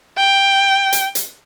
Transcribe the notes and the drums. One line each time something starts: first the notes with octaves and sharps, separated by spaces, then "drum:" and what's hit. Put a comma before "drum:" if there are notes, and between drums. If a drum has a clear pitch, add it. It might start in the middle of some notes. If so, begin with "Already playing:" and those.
G5
drum: hi-hat
drum: hi-hat